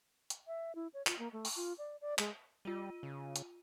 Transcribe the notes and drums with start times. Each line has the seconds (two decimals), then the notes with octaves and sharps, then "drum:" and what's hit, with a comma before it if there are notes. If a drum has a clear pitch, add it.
0.30 drum: hi-hat
0.47 E5
0.75 E4
0.94 C#5
1.07 F4, drum: clap
1.19 A#3
1.33 A3
1.45 drum: open hi-hat
1.56 F4
1.78 D5
2.01 D5
2.18 G#3, drum: clap
2.65 G3 F4 D#7
3.03 C#3
3.36 drum: hi-hat